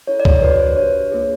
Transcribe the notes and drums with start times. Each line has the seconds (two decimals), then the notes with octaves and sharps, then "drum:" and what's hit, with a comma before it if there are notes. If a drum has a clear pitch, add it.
0.07 C#4 E4 A4 C#5
0.20 D5
0.25 C#5, drum: kick C#2
0.42 D4 F#4 A4 B4
0.59 C5
0.77 D4 G4 C#5
1.11 A#3 D4 F4 G#4